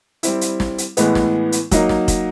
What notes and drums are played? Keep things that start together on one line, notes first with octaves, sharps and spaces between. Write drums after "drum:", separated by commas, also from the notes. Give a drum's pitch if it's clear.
G3 C4 E4, drum: hi-hat
drum: hi-hat
drum: snare
drum: hi-hat
A2 E3 G#3 B3, drum: hi-hat
drum: snare
drum: hi-hat
F#3 A#3 D#4, drum: kick, hi-hat
drum: snare
drum: kick, hi-hat